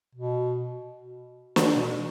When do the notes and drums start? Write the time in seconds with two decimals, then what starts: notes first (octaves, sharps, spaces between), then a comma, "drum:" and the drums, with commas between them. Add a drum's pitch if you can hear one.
0.15 B2
1.56 drum: snare
1.76 B2